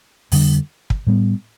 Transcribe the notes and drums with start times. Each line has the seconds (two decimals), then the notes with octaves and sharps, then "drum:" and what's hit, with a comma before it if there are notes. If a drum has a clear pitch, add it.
0.32 F2 D3 G3 D4, drum: open hi-hat
0.90 drum: kick
1.07 A2 G3 B3